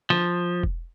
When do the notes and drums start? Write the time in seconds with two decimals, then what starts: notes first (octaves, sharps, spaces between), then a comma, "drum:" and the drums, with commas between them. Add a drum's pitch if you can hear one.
0.10 F3, drum: snare
0.63 drum: kick E1